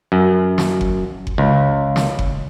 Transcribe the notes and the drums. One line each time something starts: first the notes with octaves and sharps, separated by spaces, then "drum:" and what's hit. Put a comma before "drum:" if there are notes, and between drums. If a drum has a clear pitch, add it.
F#2
drum: snare
drum: kick F#1
drum: kick F#1
C#2
drum: snare
drum: kick F#1